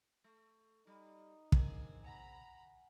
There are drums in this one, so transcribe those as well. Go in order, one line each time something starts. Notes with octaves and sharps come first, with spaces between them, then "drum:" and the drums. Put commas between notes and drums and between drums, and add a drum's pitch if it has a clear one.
A3
G3 D#4
A#3 C4 D4 G#4 A#4, drum: kick
F#5 G#5 A#5 B5